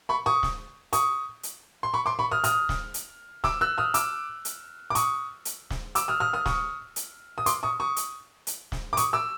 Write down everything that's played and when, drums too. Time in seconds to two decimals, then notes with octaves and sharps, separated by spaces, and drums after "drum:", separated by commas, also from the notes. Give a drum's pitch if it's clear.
0.09 B5 C#6
0.26 C#6 D#6
0.43 drum: snare
0.93 C#6 D#6, drum: hi-hat
1.43 drum: hi-hat
1.83 C6
1.94 B5 C#6
2.06 C6 D6
2.19 B5 C#6
2.31 D#6 F6
2.44 D#6 F6, drum: hi-hat
2.69 drum: snare
2.94 drum: hi-hat
3.44 D6 E6, drum: snare
3.61 E6 F#6
3.78 D#6 F6
3.94 D6 E6, drum: hi-hat
4.45 drum: hi-hat
4.90 D6
4.95 C#6 D#6, drum: hi-hat
5.45 drum: hi-hat
5.70 drum: snare
5.95 D6 E6, drum: hi-hat
6.08 D#6 F6
6.20 D#6 F6
6.33 D#6 F6
6.46 C#6 D#6, drum: snare
6.96 drum: hi-hat
7.38 D#6
7.46 C6 D6, drum: hi-hat
7.63 C#6 D#6
7.80 C#6 D#6
7.96 drum: hi-hat
8.47 drum: hi-hat
8.72 drum: snare
8.93 D6
8.97 C#6 D#6, drum: hi-hat
9.13 D6 E6